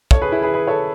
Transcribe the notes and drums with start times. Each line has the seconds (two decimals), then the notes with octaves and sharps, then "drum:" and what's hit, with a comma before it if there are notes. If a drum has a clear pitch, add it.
0.11 A4 C#5, drum: kick
0.22 G#4 B4
0.32 E4 G#4
0.42 G#4 B4
0.54 G#4 B4
0.67 A4 C#5